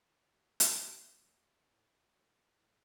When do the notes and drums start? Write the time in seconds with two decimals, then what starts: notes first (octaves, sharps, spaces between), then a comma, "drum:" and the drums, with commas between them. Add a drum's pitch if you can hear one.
0.33 F#3 A3
0.60 drum: hi-hat
0.78 A2
1.25 F#3 A3
1.70 A2
2.15 F#3 A3
2.61 A2